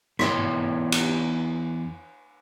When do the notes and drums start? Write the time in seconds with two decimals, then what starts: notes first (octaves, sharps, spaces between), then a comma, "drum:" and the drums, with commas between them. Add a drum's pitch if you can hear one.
0.19 E2 E4 C#5 G5 C6, drum: rim click
0.92 drum: cymbal